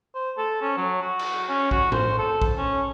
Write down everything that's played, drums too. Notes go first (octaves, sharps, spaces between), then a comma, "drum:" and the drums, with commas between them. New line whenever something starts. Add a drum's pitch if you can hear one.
C5
A4
C#4
F#3
F#4
drum: cymbal
C#4
F#4, drum: kick A#1
C5, drum: tom A2
A4
drum: kick A#1
C#4